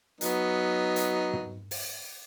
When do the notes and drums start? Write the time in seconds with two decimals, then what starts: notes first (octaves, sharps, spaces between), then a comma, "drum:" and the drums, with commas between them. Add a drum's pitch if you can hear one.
0.21 F#3 B3 D#4, drum: hi-hat
0.96 drum: hi-hat
1.33 drum: tom
1.71 drum: open hi-hat